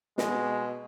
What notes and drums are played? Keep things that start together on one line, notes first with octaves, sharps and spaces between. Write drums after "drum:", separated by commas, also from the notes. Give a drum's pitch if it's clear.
B2 G#3, drum: snare